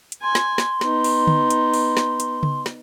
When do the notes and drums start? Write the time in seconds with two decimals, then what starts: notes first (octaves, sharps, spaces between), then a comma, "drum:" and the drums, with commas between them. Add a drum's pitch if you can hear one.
0.12 drum: hi-hat
0.22 G#5 C6
0.35 drum: snare
0.58 drum: snare
0.81 B3 D#4, drum: snare
1.04 drum: open hi-hat
1.27 drum: tom D3
1.50 drum: hi-hat
1.74 drum: open hi-hat
1.97 drum: snare
2.20 drum: hi-hat
2.43 drum: tom C#3
2.66 drum: snare